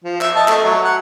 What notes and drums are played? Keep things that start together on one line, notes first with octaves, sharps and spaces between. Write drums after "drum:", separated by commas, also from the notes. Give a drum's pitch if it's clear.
F3
E5, drum: clap
D#5 A5
A3, drum: clap
F#3
F#5